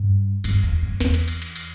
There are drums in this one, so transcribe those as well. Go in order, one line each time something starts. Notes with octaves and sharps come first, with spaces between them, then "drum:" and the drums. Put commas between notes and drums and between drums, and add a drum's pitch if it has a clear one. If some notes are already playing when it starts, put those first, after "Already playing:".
Already playing: G2
G2, drum: cymbal
E2
F#2
E2, drum: snare
drum: cymbal
drum: cymbal
drum: cymbal
drum: cymbal